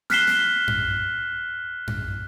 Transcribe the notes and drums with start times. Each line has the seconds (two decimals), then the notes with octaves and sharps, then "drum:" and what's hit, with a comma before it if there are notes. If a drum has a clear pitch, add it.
0.10 F6 F#6 B6 C7 E7 G7, drum: snare
0.27 drum: snare
0.68 drum: tom F#2
1.87 drum: tom F#2